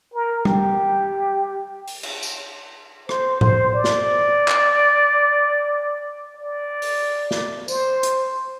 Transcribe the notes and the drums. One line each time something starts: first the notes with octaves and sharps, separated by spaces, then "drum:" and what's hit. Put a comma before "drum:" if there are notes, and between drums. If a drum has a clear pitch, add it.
A#4
G4, drum: tom G3
drum: open hi-hat
drum: cymbal
drum: tambourine
C5, drum: rim click
C5, drum: tom A2
D5
drum: snare
drum: clap
D5
drum: open hi-hat
drum: snare
C5, drum: tambourine
drum: hi-hat